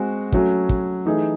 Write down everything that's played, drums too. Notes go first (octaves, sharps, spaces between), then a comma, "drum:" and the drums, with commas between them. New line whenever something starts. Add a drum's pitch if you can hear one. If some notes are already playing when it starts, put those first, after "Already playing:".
Already playing: G#3 C4 F#4
F#3 A3 C#4 F#4, drum: kick
drum: kick
E3 A3 D#4 G#4